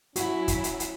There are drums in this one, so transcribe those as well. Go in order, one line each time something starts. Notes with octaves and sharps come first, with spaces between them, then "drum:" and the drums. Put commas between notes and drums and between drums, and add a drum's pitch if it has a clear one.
F#3 C#4 E4 F#4 F#5, drum: hi-hat
drum: kick, hi-hat
drum: hi-hat
drum: hi-hat